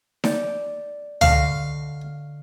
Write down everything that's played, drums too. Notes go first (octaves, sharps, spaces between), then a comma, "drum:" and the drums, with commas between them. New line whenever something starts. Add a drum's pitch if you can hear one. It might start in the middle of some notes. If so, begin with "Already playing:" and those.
D5 G6, drum: snare D#4
D3 D#5 F5 C#6, drum: tom C#2